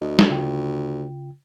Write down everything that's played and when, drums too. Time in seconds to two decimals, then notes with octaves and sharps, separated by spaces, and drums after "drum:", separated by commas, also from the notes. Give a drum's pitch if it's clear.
0.02 D2 D#5
0.19 drum: snare
0.30 C#3 F4 G5